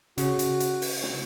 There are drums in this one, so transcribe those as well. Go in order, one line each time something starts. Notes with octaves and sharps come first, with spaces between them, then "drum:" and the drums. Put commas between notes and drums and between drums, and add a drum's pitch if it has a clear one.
C#3 F#4, drum: hi-hat
drum: hi-hat
drum: hi-hat
drum: open hi-hat
drum: snare